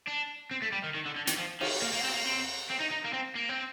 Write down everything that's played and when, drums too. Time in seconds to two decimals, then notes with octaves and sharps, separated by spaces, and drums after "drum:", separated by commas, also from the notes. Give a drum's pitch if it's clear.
0.07 D4
0.51 C4
0.62 A3
0.72 G3
0.84 D#3
0.95 D#3
1.05 D3
1.16 D3
1.27 D#3, drum: hi-hat
1.38 F3
1.61 D#3, drum: cymbal
1.82 A#3
1.93 A#3
2.04 C4
2.15 A#3
2.26 C4
2.70 C4
2.80 D#4
2.91 D#4
3.05 A#3
3.13 C4
3.35 A#3
3.49 C4